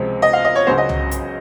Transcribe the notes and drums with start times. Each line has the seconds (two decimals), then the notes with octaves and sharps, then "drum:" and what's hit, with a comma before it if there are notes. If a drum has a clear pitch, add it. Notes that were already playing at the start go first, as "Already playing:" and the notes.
Already playing: C#2 C3 F3 G#3 C4
0.22 D#5
0.33 F5
0.44 D#5
0.55 C#5
0.67 C#2 C#3 F#3 C#4 C5
0.78 D#5
0.89 drum: tom
1.11 drum: hi-hat